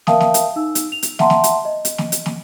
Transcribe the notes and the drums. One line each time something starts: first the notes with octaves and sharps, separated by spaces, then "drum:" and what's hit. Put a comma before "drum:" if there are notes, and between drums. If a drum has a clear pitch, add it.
A#4 E5 F5 G5 A5 D#6, drum: snare
drum: snare
drum: hi-hat
D#4 E6
drum: hi-hat
F7
drum: hi-hat
E5 F#5 G5 A5 A#5 C6, drum: snare
drum: snare
drum: hi-hat
D#5
drum: hi-hat
drum: snare
drum: hi-hat
drum: snare